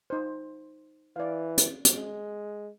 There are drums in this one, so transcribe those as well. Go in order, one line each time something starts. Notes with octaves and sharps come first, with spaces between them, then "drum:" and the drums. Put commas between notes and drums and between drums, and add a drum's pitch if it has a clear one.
D#4 C5
E3 D5 F5
drum: hi-hat
drum: hi-hat
G#3